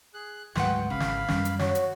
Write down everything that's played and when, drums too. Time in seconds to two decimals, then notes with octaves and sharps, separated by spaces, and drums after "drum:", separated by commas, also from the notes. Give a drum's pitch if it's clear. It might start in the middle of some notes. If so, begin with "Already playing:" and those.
0.14 G#4 F#6
0.55 D2 G#2 F#3 G#3 F#4 B4 F#5 G5, drum: snare
0.90 G#1 E2 C#3 F5 B5
1.00 drum: snare
1.28 F#2 G3 C#4, drum: snare
1.45 drum: hi-hat
1.59 F#4 C#5, drum: snare
1.75 drum: hi-hat